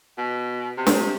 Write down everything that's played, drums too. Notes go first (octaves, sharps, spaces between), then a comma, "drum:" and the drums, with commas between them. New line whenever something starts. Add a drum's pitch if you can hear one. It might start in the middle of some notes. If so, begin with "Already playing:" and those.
B2
C3
drum: snare